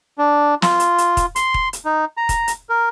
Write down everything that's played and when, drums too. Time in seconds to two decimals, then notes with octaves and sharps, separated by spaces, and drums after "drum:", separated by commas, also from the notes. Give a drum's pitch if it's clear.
0.18 D4
0.62 F4, drum: snare
0.80 drum: hi-hat
0.98 drum: hi-hat
1.17 drum: kick, hi-hat
1.36 C6, drum: hi-hat
1.54 drum: kick
1.73 drum: hi-hat
1.85 D#4
2.17 A#5
2.29 drum: kick, hi-hat
2.48 drum: hi-hat
2.69 A#4